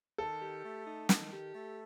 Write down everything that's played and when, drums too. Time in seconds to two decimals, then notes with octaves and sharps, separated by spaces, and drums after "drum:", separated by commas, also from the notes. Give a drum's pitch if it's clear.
0.18 D#3 A4
0.42 G4
0.64 A3
0.86 D#4
1.09 D#3, drum: snare
1.32 G4
1.54 A3